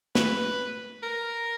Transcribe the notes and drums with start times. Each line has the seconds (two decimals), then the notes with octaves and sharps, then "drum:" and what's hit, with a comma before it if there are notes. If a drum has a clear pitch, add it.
0.15 B4, drum: snare
1.02 A#4